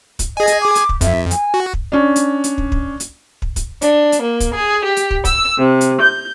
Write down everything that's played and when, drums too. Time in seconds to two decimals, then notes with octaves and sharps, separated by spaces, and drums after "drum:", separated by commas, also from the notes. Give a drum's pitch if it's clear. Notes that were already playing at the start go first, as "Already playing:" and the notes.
0.19 drum: kick, hi-hat
0.37 G#4 D#5 G#5
0.47 drum: hi-hat
0.61 D6
0.75 drum: hi-hat
0.89 drum: kick
1.01 F2 E5, drum: kick, hi-hat
1.31 G#5, drum: hi-hat
1.54 F#4
1.74 drum: kick
1.92 C#4 D4
2.16 drum: hi-hat
2.44 drum: hi-hat
2.58 drum: kick
2.72 drum: kick
3.00 drum: hi-hat
3.42 drum: kick
3.56 drum: kick, hi-hat
3.82 D4, drum: hi-hat
4.12 drum: hi-hat
4.22 A#3
4.40 drum: kick, hi-hat
4.54 G#4
4.84 G4
4.97 drum: hi-hat
5.11 drum: kick
5.25 E6, drum: kick, hi-hat
5.59 C3
5.81 drum: hi-hat
6.01 G6